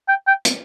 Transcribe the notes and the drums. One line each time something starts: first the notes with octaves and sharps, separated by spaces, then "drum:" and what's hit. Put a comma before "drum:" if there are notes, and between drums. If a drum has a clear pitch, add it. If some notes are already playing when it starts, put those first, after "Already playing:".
G5
G5
drum: hi-hat